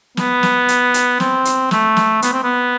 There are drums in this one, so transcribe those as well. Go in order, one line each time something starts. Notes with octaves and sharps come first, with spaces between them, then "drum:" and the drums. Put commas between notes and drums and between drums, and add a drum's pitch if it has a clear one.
B3, drum: snare
drum: snare
drum: hi-hat
drum: hi-hat
C4, drum: snare
drum: hi-hat
A3, drum: snare
drum: snare
B3, drum: hi-hat
C4
B3